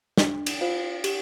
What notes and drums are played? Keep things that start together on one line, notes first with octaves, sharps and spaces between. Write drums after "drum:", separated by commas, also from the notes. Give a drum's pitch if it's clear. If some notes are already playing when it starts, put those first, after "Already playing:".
D4, drum: snare
drum: cymbal
F4 C5 F5
G4, drum: cymbal